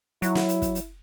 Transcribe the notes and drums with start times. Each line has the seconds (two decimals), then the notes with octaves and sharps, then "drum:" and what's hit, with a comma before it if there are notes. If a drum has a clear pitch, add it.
0.22 F#3 E4, drum: hi-hat
0.35 drum: snare
0.49 drum: hi-hat
0.62 drum: kick, hi-hat
0.75 drum: hi-hat